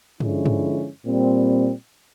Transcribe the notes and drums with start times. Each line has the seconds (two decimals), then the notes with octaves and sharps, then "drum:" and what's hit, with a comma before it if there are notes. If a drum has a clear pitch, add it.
0.20 D3 F3 G#3 C#4 E4, drum: tom G2
0.46 drum: tom G2
1.05 A#2 G3 C4